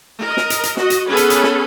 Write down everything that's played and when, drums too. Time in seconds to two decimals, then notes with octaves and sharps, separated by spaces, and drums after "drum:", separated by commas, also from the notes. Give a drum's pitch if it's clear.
0.20 A#4 D#5
0.37 drum: snare
0.50 drum: hi-hat
0.63 drum: hi-hat
0.77 F#4 D#5, drum: snare
0.90 drum: hi-hat
1.07 B3 C#4 G#4 A4 B4
1.17 drum: hi-hat
1.30 drum: hi-hat
1.43 drum: snare